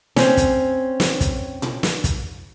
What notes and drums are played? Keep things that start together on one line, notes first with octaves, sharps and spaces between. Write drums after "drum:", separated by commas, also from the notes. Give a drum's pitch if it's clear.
C4 C#4, drum: snare
drum: kick, hi-hat
drum: snare
drum: kick, hi-hat
drum: tom A#2
drum: snare
drum: kick, hi-hat